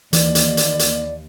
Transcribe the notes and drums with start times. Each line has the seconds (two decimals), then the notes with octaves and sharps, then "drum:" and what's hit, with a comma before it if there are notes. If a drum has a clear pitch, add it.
0.13 D#2 E3 D5, drum: hi-hat
0.35 drum: hi-hat
0.57 drum: hi-hat
0.79 drum: hi-hat